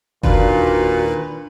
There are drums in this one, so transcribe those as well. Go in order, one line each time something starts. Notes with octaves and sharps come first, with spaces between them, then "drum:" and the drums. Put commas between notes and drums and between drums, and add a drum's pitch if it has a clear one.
D#2 A#2 D#3 D4 F4 F#4 B4, drum: kick F#1